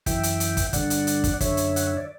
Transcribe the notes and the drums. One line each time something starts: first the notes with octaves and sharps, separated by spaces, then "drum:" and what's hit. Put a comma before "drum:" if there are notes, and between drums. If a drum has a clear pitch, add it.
F#2 E3 E5 G5, drum: kick, hi-hat
drum: hi-hat
drum: hi-hat
drum: kick, hi-hat
G2 D3 D5 F#5, drum: kick, hi-hat
drum: hi-hat
drum: hi-hat
drum: kick, hi-hat
F#2 D3 C#5 E5, drum: kick, hi-hat
drum: hi-hat
F#5, drum: hi-hat
E5
D5